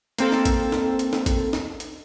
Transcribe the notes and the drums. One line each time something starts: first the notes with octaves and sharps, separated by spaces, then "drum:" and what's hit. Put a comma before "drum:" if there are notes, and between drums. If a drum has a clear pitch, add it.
A#3 C4 A4, drum: hi-hat
drum: snare
drum: kick, hi-hat
drum: snare
drum: hi-hat
drum: snare
drum: kick, hi-hat
drum: snare
drum: hi-hat